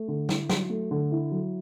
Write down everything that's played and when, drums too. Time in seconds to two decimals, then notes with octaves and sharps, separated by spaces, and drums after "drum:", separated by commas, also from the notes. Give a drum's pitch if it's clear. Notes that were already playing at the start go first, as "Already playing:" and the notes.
Already playing: A3
0.08 D3
0.29 E4, drum: snare
0.50 F#3, drum: snare
0.70 A3
0.91 D3
1.12 E4
1.32 F#3